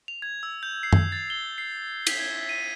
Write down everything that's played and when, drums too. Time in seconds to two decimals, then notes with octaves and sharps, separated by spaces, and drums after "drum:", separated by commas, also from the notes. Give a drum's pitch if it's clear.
0.08 F7
0.22 G#6
0.43 E6
0.63 G6
0.83 C7
0.93 drum: tom F#2
1.12 A6
1.30 G7
1.58 C7
2.07 B6, drum: cymbal
2.20 G#6
2.49 D#7